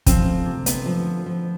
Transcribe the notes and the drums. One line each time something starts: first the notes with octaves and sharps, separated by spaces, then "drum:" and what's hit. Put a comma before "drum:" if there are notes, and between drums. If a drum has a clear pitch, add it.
F3 C4, drum: kick, hi-hat
D2
C3
D2 B3, drum: hi-hat
F3
D2
F3